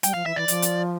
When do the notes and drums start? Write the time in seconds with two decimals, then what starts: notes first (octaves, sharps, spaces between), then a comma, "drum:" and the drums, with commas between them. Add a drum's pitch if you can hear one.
0.03 G3 G5, drum: hi-hat
0.14 F3 F5
0.25 E3 E5
0.36 E3 D5
0.48 F3, drum: hi-hat
0.62 drum: hi-hat